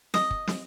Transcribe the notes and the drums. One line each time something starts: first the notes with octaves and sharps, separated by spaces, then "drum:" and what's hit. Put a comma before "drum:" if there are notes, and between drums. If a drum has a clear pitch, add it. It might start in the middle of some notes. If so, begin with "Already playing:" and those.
D#5, drum: snare
drum: kick
drum: snare